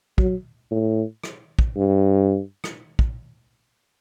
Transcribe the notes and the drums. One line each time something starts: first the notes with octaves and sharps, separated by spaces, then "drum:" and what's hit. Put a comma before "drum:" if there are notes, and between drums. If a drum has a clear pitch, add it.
F#3, drum: kick
A2
drum: rim click
drum: kick
G2
drum: rim click
drum: kick